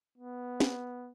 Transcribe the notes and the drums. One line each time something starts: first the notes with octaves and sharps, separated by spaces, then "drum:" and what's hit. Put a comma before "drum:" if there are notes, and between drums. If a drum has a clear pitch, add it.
B3
drum: snare